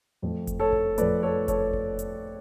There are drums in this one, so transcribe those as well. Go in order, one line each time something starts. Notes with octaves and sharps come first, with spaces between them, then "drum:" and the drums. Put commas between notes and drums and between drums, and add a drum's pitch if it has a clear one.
F2 F3 A3
drum: kick F#1, hi-hat
A4 C#5
drum: kick F#1
F2 F3 A3 B4 D5, drum: hi-hat
A4 C#5
A4 C#5, drum: kick F#1, hi-hat
drum: kick F#1
drum: hi-hat